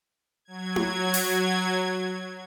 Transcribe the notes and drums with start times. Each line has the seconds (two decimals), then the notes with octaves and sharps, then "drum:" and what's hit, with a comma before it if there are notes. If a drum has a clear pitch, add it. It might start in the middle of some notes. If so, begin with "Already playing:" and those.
0.45 F#3 G#6
0.76 drum: tom E4
1.14 drum: open hi-hat